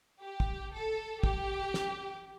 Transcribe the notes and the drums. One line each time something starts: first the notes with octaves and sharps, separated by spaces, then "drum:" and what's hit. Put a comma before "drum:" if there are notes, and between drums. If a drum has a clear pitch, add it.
G4
drum: kick
A4
G4, drum: kick
drum: snare